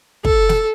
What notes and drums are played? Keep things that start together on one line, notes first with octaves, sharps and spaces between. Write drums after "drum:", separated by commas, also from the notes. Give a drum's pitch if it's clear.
A4, drum: kick
drum: snare